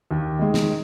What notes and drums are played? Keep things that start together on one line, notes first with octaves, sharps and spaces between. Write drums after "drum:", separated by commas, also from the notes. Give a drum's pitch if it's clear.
D#2
D#3 G#3
drum: snare